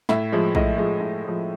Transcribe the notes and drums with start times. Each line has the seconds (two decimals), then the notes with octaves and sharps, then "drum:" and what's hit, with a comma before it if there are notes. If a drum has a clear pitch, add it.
0.09 A2 E5, drum: snare
0.32 F3 G#3
0.55 A2 D#5, drum: kick A#1
0.78 F3 G#3
1.01 A2
1.25 F3 G#3